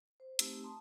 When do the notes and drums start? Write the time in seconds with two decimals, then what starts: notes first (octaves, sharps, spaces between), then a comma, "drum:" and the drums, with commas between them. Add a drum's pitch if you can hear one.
0.20 C5
0.39 A3 C4 D#4 G4 A#5 E6, drum: hi-hat
0.63 A5 A#5 C6 D#6